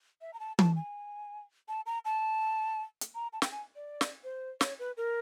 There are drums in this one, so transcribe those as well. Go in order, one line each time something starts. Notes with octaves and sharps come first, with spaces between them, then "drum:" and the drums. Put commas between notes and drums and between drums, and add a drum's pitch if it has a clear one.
E5
A#5
A5
A5, drum: tom E3
G#5
A5
A#5
A5
drum: hi-hat
A#5
A5
G5, drum: snare
G#5
D5
drum: snare
C5
C#5, drum: snare
B4
A#4